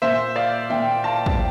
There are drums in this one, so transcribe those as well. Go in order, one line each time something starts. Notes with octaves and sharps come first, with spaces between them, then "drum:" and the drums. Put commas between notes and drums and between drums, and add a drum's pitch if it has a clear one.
A#2 C5 E5
D5 F5
A#2 E5 G5
F5 A5
drum: kick